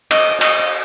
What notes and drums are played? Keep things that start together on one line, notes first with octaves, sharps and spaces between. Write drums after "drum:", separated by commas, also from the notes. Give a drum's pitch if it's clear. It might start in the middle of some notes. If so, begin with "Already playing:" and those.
D#5, drum: cymbal
D#5, drum: cymbal